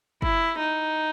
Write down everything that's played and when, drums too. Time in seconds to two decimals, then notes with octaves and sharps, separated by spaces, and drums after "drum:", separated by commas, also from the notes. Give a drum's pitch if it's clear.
0.22 E4, drum: kick
0.59 D#4